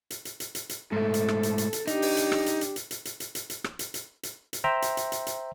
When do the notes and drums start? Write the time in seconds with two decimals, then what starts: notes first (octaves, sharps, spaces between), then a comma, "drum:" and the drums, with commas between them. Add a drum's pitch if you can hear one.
0.10 drum: hi-hat
0.25 drum: hi-hat
0.40 drum: hi-hat
0.55 drum: hi-hat
0.69 drum: hi-hat
0.92 G#2 A3 A4
1.14 drum: hi-hat
1.28 drum: rim click
1.43 drum: hi-hat
1.58 drum: hi-hat
1.73 drum: hi-hat
1.87 D4 D#4 G4, drum: hi-hat
2.02 drum: open hi-hat
2.17 drum: hi-hat
2.32 drum: rim click
2.46 drum: hi-hat
2.61 drum: hi-hat
2.76 drum: hi-hat
2.91 drum: hi-hat
3.05 drum: hi-hat
3.20 drum: hi-hat
3.35 drum: hi-hat
3.50 drum: hi-hat
3.64 drum: rim click
3.79 drum: hi-hat
3.94 drum: hi-hat
4.23 drum: hi-hat
4.53 drum: hi-hat
4.64 C5 E5 G5 A#5
4.82 drum: hi-hat
4.97 drum: hi-hat
5.12 drum: hi-hat
5.27 drum: hi-hat